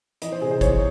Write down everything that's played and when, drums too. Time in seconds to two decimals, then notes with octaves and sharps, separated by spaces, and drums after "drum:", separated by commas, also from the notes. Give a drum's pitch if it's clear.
0.22 E3 D#5, drum: hi-hat
0.32 C5
0.41 C3 G#4
0.51 C5
0.61 E2 C#5, drum: kick, hi-hat